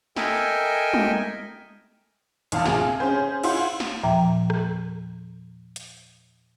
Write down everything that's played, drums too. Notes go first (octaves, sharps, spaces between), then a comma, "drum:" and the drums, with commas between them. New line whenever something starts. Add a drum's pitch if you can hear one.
A4 A#4 D#5 E5 G5 G#5, drum: snare
drum: tom G3
A#1 E2 F5 A5, drum: hi-hat
C3 F4 G#4, drum: snare
C#4 G#4 C5
E4 F4 F#5 C6, drum: cymbal
drum: snare
E2 A#2 F3 E5 G5 A#5
drum: rim click
drum: hi-hat